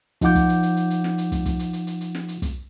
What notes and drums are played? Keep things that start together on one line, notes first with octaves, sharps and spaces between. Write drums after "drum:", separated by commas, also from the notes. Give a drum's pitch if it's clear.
F3 D#4 F4 F#5 D6 G6, drum: kick, hi-hat
drum: kick, hi-hat
drum: hi-hat
drum: hi-hat
drum: hi-hat
drum: hi-hat
drum: snare
drum: hi-hat
drum: kick, hi-hat
drum: kick, hi-hat
drum: hi-hat
drum: hi-hat
drum: hi-hat
drum: hi-hat
drum: snare
drum: hi-hat
drum: kick, hi-hat